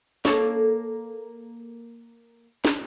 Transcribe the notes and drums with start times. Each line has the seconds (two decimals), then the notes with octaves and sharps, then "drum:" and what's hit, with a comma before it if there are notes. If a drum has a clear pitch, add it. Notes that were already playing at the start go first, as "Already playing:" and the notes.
0.25 A#3 A4 C#5, drum: snare
2.65 drum: snare